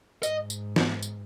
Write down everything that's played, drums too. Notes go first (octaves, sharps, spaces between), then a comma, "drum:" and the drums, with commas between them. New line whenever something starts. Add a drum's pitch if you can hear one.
G#2 D#5, drum: tambourine
drum: tambourine
drum: snare
drum: tambourine